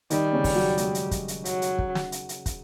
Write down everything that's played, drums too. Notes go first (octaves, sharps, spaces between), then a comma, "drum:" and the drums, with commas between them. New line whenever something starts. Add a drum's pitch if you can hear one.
D#3 G3 D#4, drum: hi-hat
C#3 C#4
drum: kick, open hi-hat
F#3 F#4
G#3 G#4, drum: hi-hat
drum: hi-hat
drum: kick, hi-hat
drum: hi-hat
F#3, drum: hi-hat
drum: hi-hat
drum: kick
drum: snare
drum: hi-hat
drum: hi-hat
drum: kick, hi-hat